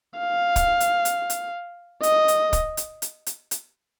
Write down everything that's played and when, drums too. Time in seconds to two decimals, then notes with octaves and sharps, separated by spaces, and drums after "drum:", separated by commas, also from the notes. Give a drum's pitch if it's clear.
0.19 F5
0.56 drum: kick, hi-hat
0.80 drum: hi-hat
1.05 drum: hi-hat
1.30 drum: hi-hat
2.03 D#5, drum: hi-hat
2.28 drum: hi-hat
2.53 drum: kick, hi-hat
2.77 drum: hi-hat
3.02 drum: hi-hat
3.26 drum: hi-hat
3.51 drum: hi-hat